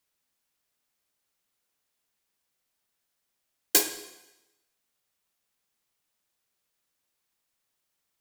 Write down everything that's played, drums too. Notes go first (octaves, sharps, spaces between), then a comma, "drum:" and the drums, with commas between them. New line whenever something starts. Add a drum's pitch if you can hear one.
C4
B4
G3 C6
drum: hi-hat
A#3 A#4